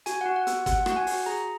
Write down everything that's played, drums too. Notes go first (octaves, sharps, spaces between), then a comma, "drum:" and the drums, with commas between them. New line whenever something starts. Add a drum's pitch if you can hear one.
F#4 G#5, drum: hi-hat
F#4 F#5
F#5
B3, drum: hi-hat
B3 F#5, drum: kick, hi-hat
F#4, drum: rim click
F#5
G#5
F#4, drum: open hi-hat
G#4 A#5